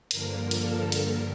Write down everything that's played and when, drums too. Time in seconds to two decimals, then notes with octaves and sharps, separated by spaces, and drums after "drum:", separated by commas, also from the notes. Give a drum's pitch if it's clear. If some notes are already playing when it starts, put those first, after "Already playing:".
0.11 G2 D3 F3 A#3 A#4, drum: hi-hat
0.51 A4, drum: hi-hat
0.92 G2 D3 G3 A#4, drum: hi-hat